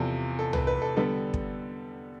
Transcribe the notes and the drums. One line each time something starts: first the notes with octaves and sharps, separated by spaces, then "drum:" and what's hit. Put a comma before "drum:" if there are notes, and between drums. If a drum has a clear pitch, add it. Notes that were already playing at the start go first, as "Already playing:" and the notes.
Already playing: E2 C3 F3 A4
A4
B4, drum: tom
B4
A4
D3 G3 B3 A4
drum: kick